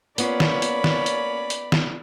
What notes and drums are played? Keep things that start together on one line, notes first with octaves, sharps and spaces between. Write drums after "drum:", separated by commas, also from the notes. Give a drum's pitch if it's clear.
A#3 B3 C#4 F4 C#5 D5 B5, drum: hi-hat
drum: snare
drum: hi-hat
drum: snare
drum: hi-hat
drum: hi-hat
drum: snare